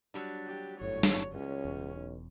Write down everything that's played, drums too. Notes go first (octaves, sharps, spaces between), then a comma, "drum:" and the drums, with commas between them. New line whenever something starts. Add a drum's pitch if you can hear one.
F#3 G3 D4
G4
G1 F#2 A2 C#5
drum: snare
C#2 C#4
E1 E2
B1